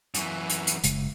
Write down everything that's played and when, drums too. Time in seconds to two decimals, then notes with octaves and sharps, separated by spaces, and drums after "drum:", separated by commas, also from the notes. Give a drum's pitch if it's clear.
0.14 F#2 E3, drum: hi-hat
0.50 drum: hi-hat
0.67 drum: hi-hat
0.84 F#1 C#3 G#3, drum: hi-hat